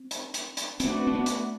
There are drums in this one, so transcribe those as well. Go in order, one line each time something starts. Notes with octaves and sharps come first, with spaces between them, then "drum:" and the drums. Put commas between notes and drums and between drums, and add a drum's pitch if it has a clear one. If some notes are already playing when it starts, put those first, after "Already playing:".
Already playing: C4
drum: hi-hat
drum: hi-hat
drum: hi-hat
A3 C4 D4 F#4 B4, drum: hi-hat
C4
B3
drum: hi-hat